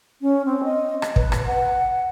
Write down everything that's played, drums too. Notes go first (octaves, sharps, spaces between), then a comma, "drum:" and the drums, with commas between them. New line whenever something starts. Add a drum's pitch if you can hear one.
C#4
C4
D#5
drum: rim click
B4, drum: kick
drum: rim click
F#5